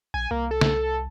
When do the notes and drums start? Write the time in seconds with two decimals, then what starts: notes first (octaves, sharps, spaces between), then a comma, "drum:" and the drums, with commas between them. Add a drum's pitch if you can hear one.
0.14 A#1 G#5
0.31 C2 A#3
0.51 A4
0.61 drum: snare